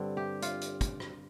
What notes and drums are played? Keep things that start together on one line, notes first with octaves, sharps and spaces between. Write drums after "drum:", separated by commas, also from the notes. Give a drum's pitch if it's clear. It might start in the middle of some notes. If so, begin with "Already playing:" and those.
Already playing: G2 D3 G3 C4
G4
F4, drum: hi-hat
drum: hi-hat
drum: kick, hi-hat
drum: rim click